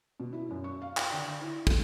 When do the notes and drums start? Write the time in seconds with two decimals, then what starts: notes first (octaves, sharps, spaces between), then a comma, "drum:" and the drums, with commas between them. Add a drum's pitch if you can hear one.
0.20 B2
0.33 E4
0.50 F#2
0.64 C#6
0.82 F5
0.97 G5, drum: clap
1.12 D3
1.41 E4
1.67 A3, drum: kick